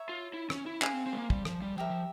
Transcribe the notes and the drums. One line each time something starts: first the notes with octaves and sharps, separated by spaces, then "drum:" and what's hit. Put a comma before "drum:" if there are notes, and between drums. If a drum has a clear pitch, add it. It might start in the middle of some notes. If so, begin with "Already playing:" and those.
Already playing: C#5 E5 A#5 C#6
F4
E4
C#4, drum: rim click
E4
C#4 G#4 C5 F5, drum: clap
C4
C4
G#3
A#3
G3, drum: kick
F3, drum: rim click
G3
F3 G4 A#4 E5
F3